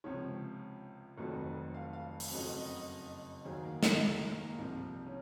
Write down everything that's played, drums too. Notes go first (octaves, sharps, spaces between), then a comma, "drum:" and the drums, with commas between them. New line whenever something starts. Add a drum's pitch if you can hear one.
C#2 C3 F3 C#5
F1 F2 D#3 F#3
F5
F5
drum: open hi-hat
F#1 F2 C#3 F#3 D#5
D#5
D#5
D#2 D#3 F#3 G#4
A#3
A#3, drum: snare
G#3
G#3
A#3
C2 C3 F3
C#4